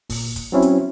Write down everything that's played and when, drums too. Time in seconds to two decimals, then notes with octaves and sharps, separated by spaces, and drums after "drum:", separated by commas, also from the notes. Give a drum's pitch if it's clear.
0.10 A#2, drum: kick, open hi-hat
0.36 drum: kick, hi-hat
0.52 F#3 C4 C#4 E4
0.62 drum: hi-hat